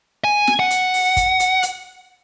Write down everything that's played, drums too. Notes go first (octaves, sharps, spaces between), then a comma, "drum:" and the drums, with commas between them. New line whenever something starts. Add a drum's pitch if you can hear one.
G#5
drum: snare
F#5
drum: hi-hat
drum: open hi-hat
drum: kick, hi-hat
drum: hi-hat
drum: hi-hat